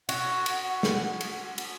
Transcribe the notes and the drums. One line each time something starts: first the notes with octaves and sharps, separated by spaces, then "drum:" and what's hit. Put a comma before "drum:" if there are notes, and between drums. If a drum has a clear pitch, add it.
F#4 F#5, drum: cymbal
drum: cymbal
drum: snare
drum: cymbal
drum: cymbal